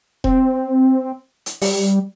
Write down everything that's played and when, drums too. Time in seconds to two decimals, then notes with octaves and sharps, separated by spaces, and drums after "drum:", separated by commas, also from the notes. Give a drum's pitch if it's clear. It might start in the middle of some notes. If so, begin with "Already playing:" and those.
0.24 C4, drum: kick E1
1.46 drum: hi-hat
1.62 G3, drum: open hi-hat